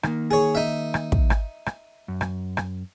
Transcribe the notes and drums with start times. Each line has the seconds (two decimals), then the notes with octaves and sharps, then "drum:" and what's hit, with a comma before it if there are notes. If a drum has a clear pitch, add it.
0.03 D#3 A#3, drum: rim click
0.31 G#4 C#5
0.55 D#4 E5
0.94 drum: rim click
1.12 drum: kick
1.30 drum: rim click
1.66 drum: rim click
2.08 F#2
2.21 drum: rim click
2.57 drum: rim click